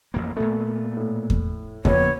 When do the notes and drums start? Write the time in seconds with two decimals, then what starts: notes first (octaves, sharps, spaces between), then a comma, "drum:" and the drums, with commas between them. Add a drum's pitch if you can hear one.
0.14 A1 F2 A#3
0.36 A#2 A3 B3
0.97 A2
1.30 drum: kick E2
1.85 A#1 C#3 A#3 B3 C#5, drum: kick E2